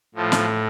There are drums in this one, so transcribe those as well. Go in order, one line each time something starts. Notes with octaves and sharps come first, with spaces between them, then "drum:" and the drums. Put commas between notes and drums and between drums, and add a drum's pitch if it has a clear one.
A2 F3
drum: snare